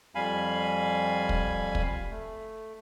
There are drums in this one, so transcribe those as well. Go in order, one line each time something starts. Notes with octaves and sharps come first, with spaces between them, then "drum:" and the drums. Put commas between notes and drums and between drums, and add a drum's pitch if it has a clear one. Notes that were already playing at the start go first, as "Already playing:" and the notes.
F2 G3 F5 G#5 B5
drum: kick
drum: kick
A3